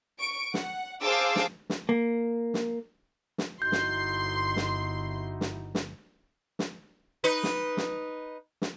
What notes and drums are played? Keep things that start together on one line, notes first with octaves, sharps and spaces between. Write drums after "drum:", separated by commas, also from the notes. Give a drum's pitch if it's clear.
C#6 D7
F#5, drum: snare
G#4 C5 F5 A5 D6 E6
drum: snare
drum: snare
A#3
drum: snare
drum: snare
G1 D#4 E4 F#4 C6 G6
drum: snare
drum: snare
drum: snare
drum: snare
drum: snare
D#4 B4
drum: snare
drum: snare
drum: snare